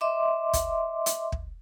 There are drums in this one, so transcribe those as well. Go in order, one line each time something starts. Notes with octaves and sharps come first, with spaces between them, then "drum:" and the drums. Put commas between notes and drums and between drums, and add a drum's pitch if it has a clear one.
D#5 E5 C6 D6
drum: kick, hi-hat
drum: hi-hat
drum: kick